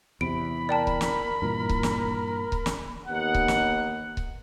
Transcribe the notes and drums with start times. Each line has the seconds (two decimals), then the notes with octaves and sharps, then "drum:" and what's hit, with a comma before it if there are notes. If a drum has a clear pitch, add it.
0.21 E2 C3 B5 D7
0.69 A#4 D5 G5 A5
0.87 drum: kick C#1
1.01 drum: snare
1.42 G2 A#2 E3
1.69 drum: kick C#1
1.83 drum: snare
2.52 drum: kick C#1
2.66 drum: snare
3.06 D#2 B3 D#4 F#5
3.34 drum: kick C#1
3.48 drum: snare
4.17 drum: kick C#1